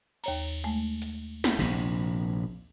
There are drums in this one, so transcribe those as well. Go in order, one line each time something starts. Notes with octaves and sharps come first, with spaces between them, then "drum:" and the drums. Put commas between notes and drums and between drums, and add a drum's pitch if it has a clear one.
D#2 C#5 A#5, drum: cymbal
G#3 A3
drum: hi-hat
drum: snare
A#1 C3, drum: cymbal